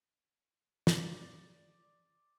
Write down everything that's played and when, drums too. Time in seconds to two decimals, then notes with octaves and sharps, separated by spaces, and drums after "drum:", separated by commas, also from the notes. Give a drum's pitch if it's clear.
0.87 G#4 D5 D6 A6, drum: snare